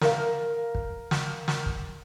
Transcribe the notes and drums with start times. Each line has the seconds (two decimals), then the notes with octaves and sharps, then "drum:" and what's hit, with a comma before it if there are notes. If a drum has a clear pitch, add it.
0.01 A#4 F5, drum: snare
0.75 drum: kick
1.11 drum: snare
1.48 drum: snare
1.66 drum: kick